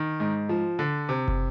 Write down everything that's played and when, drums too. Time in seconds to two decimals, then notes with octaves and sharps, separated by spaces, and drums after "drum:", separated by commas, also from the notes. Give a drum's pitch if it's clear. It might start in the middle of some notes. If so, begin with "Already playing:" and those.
Already playing: D#3
0.20 G#2
0.49 F3
0.79 D3
1.09 C3
1.28 drum: kick